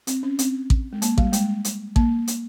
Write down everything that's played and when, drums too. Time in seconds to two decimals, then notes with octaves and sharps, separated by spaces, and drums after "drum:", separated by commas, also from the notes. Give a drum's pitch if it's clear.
0.07 C4, drum: hi-hat
0.23 C#4
0.39 C4, drum: hi-hat
0.70 drum: kick A1
0.93 G#3
1.02 A#3, drum: hi-hat
1.18 G3, drum: kick A1
1.33 G#3, drum: hi-hat
1.65 drum: hi-hat
1.96 A#3, drum: kick A1
2.27 drum: hi-hat